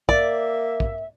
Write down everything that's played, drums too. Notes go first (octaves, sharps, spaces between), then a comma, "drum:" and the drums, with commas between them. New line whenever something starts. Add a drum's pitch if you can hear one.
A#3 D5 E5, drum: kick
drum: kick